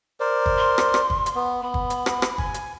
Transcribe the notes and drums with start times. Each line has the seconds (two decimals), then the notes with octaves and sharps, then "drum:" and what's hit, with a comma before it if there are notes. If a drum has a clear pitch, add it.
0.20 A#4 C5 D5
0.46 drum: kick
0.58 C6
0.78 drum: rim click
0.94 drum: rim click
1.10 drum: kick
1.26 drum: hi-hat
1.35 B3
1.63 B3 B5
1.74 drum: kick
1.90 drum: hi-hat
2.06 drum: rim click
2.22 drum: rim click
2.38 G#5, drum: kick
2.54 drum: hi-hat